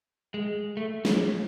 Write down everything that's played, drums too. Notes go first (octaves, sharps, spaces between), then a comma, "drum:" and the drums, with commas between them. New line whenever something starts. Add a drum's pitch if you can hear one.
G#3
A3
G#3, drum: snare